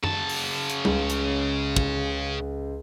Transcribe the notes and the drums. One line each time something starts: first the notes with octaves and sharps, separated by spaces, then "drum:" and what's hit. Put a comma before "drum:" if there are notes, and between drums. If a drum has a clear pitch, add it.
C#3 A5, drum: tom F#2
drum: open hi-hat
drum: hi-hat
C#2, drum: tom G3
drum: hi-hat
drum: kick